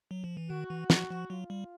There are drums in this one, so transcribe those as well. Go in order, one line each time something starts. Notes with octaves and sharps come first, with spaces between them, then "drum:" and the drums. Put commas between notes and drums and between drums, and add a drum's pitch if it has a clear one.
F#3
F3
E3
D#3 F#4
E3
F3, drum: snare
F3
F#3 F4
G3